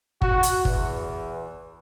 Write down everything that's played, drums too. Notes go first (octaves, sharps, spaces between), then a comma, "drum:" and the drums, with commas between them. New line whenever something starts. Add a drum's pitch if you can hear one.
F#4, drum: kick
drum: hi-hat
E2, drum: kick